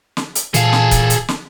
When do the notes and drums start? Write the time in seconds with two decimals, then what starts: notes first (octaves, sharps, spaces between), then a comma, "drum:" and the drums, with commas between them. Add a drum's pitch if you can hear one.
0.17 drum: snare
0.35 drum: hi-hat
0.54 A#2 E3 G#4 A4 F5, drum: hi-hat
0.73 drum: snare
0.91 drum: kick, hi-hat
1.10 drum: hi-hat
1.28 drum: snare